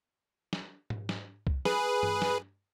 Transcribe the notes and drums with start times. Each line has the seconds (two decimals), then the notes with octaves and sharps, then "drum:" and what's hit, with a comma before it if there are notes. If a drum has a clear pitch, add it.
0.53 drum: snare
0.90 drum: tom G#2
1.09 drum: snare
1.47 drum: kick
1.65 G#4 B4, drum: snare
2.03 drum: tom
2.22 drum: snare